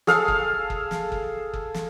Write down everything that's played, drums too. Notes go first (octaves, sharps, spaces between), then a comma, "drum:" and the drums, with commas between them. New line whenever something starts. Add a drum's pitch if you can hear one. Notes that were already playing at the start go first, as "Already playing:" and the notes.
G#4 A4 F5, drum: snare
drum: kick F#1
drum: kick F#1
drum: snare
drum: kick F#1
drum: kick F#1
drum: snare